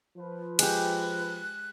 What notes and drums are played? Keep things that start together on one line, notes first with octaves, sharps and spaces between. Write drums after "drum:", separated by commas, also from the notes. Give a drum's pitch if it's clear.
F3 B4
G#3 G4 F#6, drum: cymbal